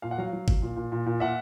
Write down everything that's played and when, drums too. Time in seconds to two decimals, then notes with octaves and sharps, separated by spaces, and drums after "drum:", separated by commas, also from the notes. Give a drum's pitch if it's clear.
0.02 A#2 F5
0.11 F#5
0.18 F#3 F5
0.33 F#3
0.48 F#3, drum: kick G1
0.62 A#2
0.76 A#2
0.92 A#2
1.06 A#2
1.20 A#2 E5 F#5